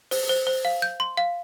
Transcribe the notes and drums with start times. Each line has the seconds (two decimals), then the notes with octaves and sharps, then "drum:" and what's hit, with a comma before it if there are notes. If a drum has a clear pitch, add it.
0.11 C5, drum: open hi-hat
0.29 C5
0.47 C5
0.65 F5
0.82 G6
1.00 C6
1.17 F5